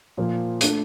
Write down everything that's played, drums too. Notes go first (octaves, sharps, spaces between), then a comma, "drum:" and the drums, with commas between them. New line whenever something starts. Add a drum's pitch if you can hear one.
A#2 F3 A#3
A3 D4 A4, drum: hi-hat